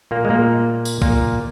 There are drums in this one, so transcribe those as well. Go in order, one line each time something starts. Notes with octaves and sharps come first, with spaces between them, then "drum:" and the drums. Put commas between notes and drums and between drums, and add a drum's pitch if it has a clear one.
A#2 A#3
G#3
A#2 A#3
drum: tambourine
A#2 A#3, drum: kick